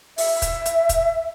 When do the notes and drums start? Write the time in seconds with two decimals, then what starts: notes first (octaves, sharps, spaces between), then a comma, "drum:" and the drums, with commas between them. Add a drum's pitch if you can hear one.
0.18 E5, drum: open hi-hat
0.42 drum: kick, hi-hat
0.66 drum: hi-hat
0.89 drum: kick, hi-hat